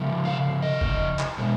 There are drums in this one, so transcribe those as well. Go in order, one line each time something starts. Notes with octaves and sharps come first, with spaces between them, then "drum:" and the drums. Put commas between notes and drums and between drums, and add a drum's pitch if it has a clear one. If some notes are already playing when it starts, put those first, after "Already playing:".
Already playing: C#3 F3
F5
D#5
drum: kick E1
drum: clap
B2 G#3